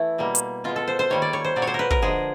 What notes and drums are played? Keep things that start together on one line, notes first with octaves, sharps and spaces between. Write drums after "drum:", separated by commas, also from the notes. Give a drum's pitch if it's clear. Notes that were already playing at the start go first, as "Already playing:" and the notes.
Already playing: E3 A3 E4
B2 G3 A#3
drum: hi-hat
B2 G#3 F4
A4
C5
C5
D#3 G3 A#3 C#5
D5
C#5
C5
A#2 F#3 A#3 D5
C#5
C5
A#4
B4
A#4, drum: kick
D3 F3 G#3 G#4